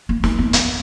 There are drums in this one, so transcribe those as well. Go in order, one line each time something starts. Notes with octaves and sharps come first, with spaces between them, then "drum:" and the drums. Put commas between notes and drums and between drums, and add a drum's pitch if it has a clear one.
A#3
A#3, drum: snare
B3
B3, drum: hi-hat